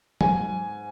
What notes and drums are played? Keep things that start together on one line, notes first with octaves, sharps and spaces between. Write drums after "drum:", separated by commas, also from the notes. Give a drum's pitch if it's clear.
G#2 G#5, drum: tom